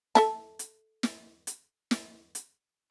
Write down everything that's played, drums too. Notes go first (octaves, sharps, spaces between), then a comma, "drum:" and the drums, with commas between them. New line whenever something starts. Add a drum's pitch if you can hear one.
A4 E5 A5, drum: snare
drum: hi-hat
drum: snare
drum: hi-hat
drum: snare
drum: hi-hat